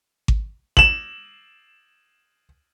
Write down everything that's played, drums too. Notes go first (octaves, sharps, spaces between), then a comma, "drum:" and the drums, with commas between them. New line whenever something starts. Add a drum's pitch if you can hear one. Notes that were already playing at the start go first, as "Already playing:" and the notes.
drum: kick G#1
E7 F#7, drum: kick G#1